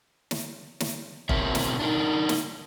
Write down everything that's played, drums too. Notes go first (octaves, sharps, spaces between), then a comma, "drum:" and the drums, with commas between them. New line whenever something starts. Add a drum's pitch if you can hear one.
drum: snare
drum: snare
B2 C4 A#4 C#5 E5, drum: kick
drum: snare
D4 D#4 A#4
drum: snare